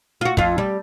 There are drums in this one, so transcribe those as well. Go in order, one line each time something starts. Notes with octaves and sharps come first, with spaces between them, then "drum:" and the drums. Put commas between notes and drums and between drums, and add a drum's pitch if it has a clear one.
F4 F#4
F2 F4, drum: kick
G3